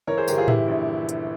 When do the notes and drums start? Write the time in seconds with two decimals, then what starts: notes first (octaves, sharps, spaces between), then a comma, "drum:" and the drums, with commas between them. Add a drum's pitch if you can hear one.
0.07 E3 A#4 C#5
0.17 G#4 C5
0.28 G1 G4 A#4, drum: tambourine
0.37 F4 G#4
0.48 E3 E4 G4, drum: tom A2
0.68 A#1
1.09 drum: hi-hat